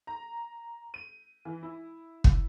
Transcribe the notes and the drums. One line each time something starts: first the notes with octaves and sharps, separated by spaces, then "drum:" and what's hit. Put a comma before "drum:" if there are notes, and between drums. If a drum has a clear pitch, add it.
A#5
D#7
E3
E4
drum: kick